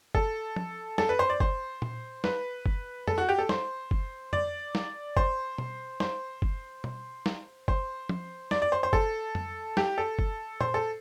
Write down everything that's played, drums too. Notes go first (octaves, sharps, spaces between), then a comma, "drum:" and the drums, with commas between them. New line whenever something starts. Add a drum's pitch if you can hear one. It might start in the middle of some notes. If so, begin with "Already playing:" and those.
A4, drum: kick
drum: tom
A4, drum: snare
B4
C5
D5
C5, drum: kick
drum: tom A#2
B4, drum: snare
drum: kick
A4, drum: tom F2
F#4
G4
A4
C5, drum: snare
drum: kick
D5, drum: tom F2
drum: snare
C5, drum: kick
drum: tom B2
C5, drum: snare
drum: kick
drum: tom B2
drum: snare
C5, drum: kick
drum: tom
D5, drum: snare
D5
C5
C5
A4, drum: kick
drum: tom F2
G4, drum: snare
A4
drum: kick
C5, drum: tom A#2
A4